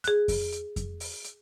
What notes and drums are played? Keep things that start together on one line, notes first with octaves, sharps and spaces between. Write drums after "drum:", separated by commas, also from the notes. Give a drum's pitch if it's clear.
G#4 F#6, drum: hi-hat
drum: kick F2, open hi-hat
drum: hi-hat
drum: kick F2, hi-hat
drum: open hi-hat
drum: hi-hat